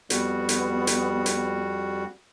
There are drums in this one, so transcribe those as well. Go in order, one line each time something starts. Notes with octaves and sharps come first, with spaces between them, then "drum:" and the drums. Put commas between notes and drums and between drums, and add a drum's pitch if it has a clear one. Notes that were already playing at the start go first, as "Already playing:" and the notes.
F2 G3 B3 F#4, drum: hi-hat
drum: hi-hat
drum: hi-hat
drum: hi-hat